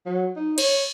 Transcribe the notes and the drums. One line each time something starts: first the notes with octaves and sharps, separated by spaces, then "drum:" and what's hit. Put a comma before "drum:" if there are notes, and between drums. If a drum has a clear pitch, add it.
F#3
D#4
C#5, drum: cymbal